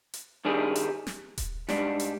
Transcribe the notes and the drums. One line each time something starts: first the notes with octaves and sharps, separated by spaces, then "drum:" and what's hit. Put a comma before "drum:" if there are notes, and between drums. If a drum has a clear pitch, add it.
drum: hi-hat
G2 D#3 G3 D4 G#4
drum: hi-hat
drum: snare
drum: kick D#1, hi-hat
G#2 G3 D4, drum: snare
drum: hi-hat